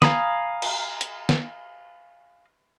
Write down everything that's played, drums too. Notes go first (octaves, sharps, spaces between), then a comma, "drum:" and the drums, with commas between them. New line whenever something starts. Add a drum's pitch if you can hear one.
F5 G#5 A#5 B5 D#6, drum: snare
drum: cymbal
drum: hi-hat
drum: snare